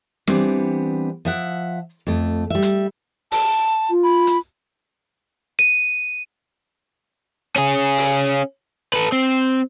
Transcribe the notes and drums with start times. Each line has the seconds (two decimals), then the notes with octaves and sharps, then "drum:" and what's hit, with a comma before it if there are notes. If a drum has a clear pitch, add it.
0.27 E3 G3 B3 C4 D4, drum: snare
1.25 F3 E5 F#5
2.07 F2 A3
2.50 G3 E5
2.62 drum: hi-hat
3.32 A5, drum: open hi-hat
3.90 F4
4.04 B5
4.27 drum: hi-hat
5.59 D#7
7.56 C#4 G#4, drum: hi-hat
7.98 drum: open hi-hat
8.93 A4 B4, drum: hi-hat
9.12 C4